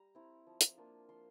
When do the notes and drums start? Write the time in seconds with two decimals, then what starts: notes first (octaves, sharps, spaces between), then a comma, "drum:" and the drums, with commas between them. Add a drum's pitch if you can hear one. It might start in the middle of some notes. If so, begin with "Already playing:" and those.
Already playing: G3 A#5
0.15 C4 E4
0.46 F3
0.61 drum: hi-hat
0.77 A#3 D4 F4
1.09 F3 C6